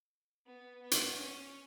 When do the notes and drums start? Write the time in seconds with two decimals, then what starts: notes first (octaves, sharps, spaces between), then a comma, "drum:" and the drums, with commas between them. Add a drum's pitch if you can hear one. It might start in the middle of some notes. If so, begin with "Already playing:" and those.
0.46 B3
0.81 B3
0.91 drum: hi-hat
1.16 C#4